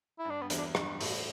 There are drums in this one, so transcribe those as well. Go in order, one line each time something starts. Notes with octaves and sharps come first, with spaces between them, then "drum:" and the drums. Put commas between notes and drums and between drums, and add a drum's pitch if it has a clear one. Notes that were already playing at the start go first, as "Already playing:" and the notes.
E4
G2 D4
G2 B3
E2, drum: hi-hat
D4
G2, drum: rim click
A2, drum: open hi-hat